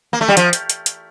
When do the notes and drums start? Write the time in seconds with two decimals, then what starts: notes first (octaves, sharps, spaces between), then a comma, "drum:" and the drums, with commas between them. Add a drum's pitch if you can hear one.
0.13 A#3
0.21 A3
0.28 G3
0.37 F3, drum: hi-hat
0.53 drum: hi-hat
0.70 drum: hi-hat
0.86 drum: hi-hat